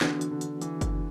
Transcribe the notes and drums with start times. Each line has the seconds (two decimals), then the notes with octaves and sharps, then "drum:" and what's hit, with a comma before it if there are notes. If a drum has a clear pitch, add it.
0.01 D3 E3 B3 D4 F#4, drum: snare
0.21 drum: hi-hat
0.31 D3
0.41 drum: hi-hat
0.62 E3, drum: hi-hat
0.81 drum: kick F#1, hi-hat